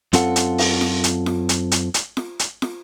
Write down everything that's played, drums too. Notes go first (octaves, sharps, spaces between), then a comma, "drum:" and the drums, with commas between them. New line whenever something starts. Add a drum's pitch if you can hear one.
F#2 C4 F4 A4 F#5, drum: hi-hat
drum: hi-hat
drum: open hi-hat
drum: snare
drum: hi-hat
drum: snare
drum: hi-hat
drum: hi-hat
drum: hi-hat
drum: snare
drum: hi-hat
drum: snare